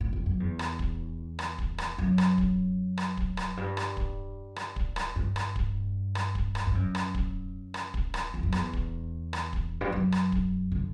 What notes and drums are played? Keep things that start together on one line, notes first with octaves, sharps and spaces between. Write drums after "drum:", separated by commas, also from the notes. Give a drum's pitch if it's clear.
A2
G2
F#2
E2
drum: rim click
drum: kick
drum: rim click
drum: kick
drum: rim click
F#2
drum: rim click
drum: kick
drum: rim click
drum: kick
drum: rim click
G2
drum: rim click
drum: kick
drum: rim click
drum: kick
drum: rim click
G2
drum: rim click
drum: kick
drum: rim click
drum: kick
drum: rim click
G2
F#2
drum: rim click
drum: kick
drum: rim click
drum: kick
drum: rim click
E2
F#2
E2, drum: rim click
drum: kick
drum: rim click
drum: kick
G2
F#2
drum: rim click
drum: kick
D3